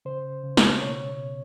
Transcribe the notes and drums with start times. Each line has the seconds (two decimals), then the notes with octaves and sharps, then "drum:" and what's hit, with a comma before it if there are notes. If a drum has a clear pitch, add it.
0.05 C#3 C5
0.44 C#3
0.57 drum: snare
0.81 B2 C#5
1.18 B2